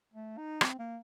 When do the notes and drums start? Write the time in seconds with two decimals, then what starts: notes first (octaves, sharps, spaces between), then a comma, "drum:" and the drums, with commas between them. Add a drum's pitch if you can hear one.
0.14 A3
0.38 D#4
0.61 C4, drum: rim click
0.79 A#3